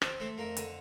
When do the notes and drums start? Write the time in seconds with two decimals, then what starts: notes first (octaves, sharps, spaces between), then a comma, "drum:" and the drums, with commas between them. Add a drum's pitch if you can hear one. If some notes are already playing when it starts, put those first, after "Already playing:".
0.02 C4 D4 D5, drum: rim click
0.20 A3 C4 C5
0.38 F2 A#3 A#4
0.57 D3, drum: hi-hat